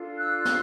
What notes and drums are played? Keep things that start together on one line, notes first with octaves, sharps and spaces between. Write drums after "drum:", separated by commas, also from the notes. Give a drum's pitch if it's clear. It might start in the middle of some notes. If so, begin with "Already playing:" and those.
Already playing: D4 F4 A4
E6 F#6
drum: snare